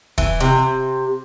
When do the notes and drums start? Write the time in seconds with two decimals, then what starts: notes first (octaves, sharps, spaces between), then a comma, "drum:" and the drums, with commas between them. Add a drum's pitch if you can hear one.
0.18 E3, drum: kick
0.40 C3